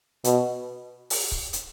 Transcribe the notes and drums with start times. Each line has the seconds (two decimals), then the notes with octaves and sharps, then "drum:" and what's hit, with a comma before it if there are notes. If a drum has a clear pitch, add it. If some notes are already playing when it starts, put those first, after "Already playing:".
0.24 B2, drum: hi-hat
1.10 drum: open hi-hat
1.32 drum: kick C#1
1.53 drum: hi-hat